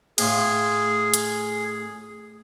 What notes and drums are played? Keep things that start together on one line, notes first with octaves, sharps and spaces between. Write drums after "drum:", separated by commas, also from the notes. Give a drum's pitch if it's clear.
A2 F4 G#4, drum: cymbal
drum: hi-hat